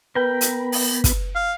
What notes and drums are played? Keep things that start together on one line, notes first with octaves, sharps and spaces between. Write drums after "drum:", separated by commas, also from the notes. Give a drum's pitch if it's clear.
B3 A#4 B4 G5 B5
drum: hi-hat
drum: open hi-hat
drum: kick, hi-hat
F5